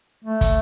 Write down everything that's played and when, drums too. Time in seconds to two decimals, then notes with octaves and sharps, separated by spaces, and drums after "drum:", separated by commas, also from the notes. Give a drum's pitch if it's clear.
0.25 A3
0.41 drum: kick, hi-hat